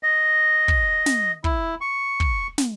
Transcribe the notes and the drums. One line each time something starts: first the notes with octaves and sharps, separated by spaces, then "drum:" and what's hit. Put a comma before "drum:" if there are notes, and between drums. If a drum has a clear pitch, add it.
D#5
drum: kick
drum: snare
E4, drum: kick
C#6
drum: kick
drum: snare